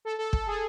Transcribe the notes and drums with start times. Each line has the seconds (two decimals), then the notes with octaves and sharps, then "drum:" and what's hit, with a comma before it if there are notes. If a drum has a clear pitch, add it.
0.05 A4
0.19 A4
0.33 A4, drum: kick
0.47 G#4